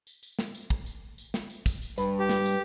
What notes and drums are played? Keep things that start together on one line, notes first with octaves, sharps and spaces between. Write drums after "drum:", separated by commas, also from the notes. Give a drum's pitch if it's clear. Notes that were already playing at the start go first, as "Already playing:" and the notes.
drum: tambourine
drum: tambourine
drum: snare
drum: tambourine
drum: kick
drum: tambourine
drum: tambourine
drum: snare
drum: tambourine
drum: kick, tambourine
drum: tambourine
G2 B4, drum: tambourine
G4
drum: snare
drum: tambourine